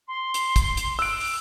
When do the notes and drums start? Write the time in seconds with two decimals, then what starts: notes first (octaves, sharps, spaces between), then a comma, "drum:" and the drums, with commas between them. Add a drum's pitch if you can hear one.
0.07 C6
0.34 drum: hi-hat
0.56 drum: kick, hi-hat
0.77 drum: hi-hat
0.99 E6 F#6 D7, drum: open hi-hat
1.20 drum: open hi-hat